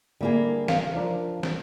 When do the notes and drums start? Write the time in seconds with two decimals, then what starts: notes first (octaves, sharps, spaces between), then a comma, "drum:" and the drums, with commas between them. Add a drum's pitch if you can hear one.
0.21 D3 G3 A#3 E4 G#4
0.68 F5, drum: snare
0.95 F3 D4 A#4
1.43 drum: snare